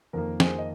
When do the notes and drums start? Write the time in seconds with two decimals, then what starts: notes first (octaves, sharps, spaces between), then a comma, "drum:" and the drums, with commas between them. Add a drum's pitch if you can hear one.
0.13 F2 D#3 A#3 A#4
0.40 G#4 C5, drum: snare
0.58 D#5